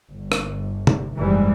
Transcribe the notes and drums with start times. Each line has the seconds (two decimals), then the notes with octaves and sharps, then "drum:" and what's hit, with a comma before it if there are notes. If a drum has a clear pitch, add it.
0.11 G1
0.32 drum: rim click
0.87 drum: tom C3
1.17 F#1 G#2 E3 G3 G#3